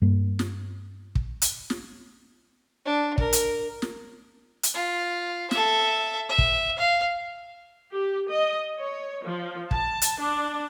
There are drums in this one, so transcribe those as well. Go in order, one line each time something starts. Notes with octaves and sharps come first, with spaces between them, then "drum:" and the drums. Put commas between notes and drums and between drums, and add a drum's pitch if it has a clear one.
G2 A#3
drum: snare
drum: kick
drum: hi-hat
drum: snare
D4
A#4, drum: kick
drum: hi-hat
drum: snare
drum: hi-hat
F4
A4 E5, drum: snare
E5
drum: kick
F5
G4
D#5
C#5
F3
A5, drum: kick
drum: hi-hat
D4